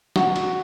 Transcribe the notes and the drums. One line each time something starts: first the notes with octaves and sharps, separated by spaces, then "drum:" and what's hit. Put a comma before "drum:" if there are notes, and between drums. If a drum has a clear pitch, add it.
F#4 F#5, drum: snare
drum: cymbal